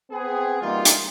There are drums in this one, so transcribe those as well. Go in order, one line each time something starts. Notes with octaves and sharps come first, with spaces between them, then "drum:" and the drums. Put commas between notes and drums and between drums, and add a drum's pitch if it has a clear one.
B3 C4 G#4
B2 E3 G3 A#3 D#4 F4
drum: hi-hat